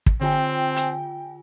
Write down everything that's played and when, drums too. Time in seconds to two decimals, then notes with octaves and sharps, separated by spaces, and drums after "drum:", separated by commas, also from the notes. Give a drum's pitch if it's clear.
0.06 drum: kick
0.21 D3 C4 F4 G5 G#5
0.76 drum: hi-hat